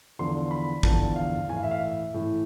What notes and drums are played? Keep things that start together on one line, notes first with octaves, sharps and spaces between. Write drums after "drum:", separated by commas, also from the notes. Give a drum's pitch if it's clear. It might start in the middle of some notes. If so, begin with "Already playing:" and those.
E2 D3 F3 C6
B5
E2 D3 F3 A5, drum: kick
F5
A2 E3 G#5
F5
E5
F5
E5
A2 E3